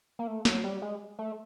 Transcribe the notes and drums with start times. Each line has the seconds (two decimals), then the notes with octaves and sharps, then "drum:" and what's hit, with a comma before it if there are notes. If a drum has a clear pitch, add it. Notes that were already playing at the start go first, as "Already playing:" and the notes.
0.19 A#3
0.27 A3
0.45 F#3, drum: snare
0.64 G3
0.82 G#3
1.19 A3